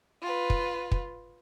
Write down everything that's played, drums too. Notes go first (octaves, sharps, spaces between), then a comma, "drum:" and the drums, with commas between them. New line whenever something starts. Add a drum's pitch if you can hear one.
F4 B4
drum: kick
drum: kick